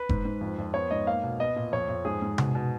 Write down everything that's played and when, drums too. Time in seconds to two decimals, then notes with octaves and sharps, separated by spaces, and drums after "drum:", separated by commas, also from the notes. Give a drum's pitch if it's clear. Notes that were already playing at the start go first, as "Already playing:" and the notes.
Already playing: B4
0.09 G#2, drum: kick F1
0.25 G#2
0.41 F2
0.58 F2
0.74 B3 C#5
0.91 G#2 D#5
1.07 A#3 F5
1.23 B2
1.40 B3 D#5
1.56 A#2
1.72 F2 C#5
1.88 F2
2.05 G#2 G#4
2.22 G#2
2.38 B2, drum: tom C3
2.55 B2